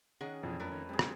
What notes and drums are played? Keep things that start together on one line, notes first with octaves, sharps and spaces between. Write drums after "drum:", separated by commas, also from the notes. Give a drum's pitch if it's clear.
D#3 C#4 G#4 F#5
F2 B2 E3 F3
F#2 A3 D4 A#4 B4
D#3 C#4
G3 C4 G#4
drum: rim click